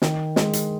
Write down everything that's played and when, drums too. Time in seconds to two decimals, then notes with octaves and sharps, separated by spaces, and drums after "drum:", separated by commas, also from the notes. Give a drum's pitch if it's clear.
0.02 D#3, drum: snare
0.36 G#3, drum: snare
0.53 drum: hi-hat